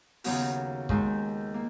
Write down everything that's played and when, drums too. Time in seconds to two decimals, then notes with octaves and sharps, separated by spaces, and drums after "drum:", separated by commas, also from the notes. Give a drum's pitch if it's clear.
0.24 D#2 C#3 F#3 B3 F#4, drum: open hi-hat
0.89 D#2 D#3 G#3, drum: kick
1.54 A#3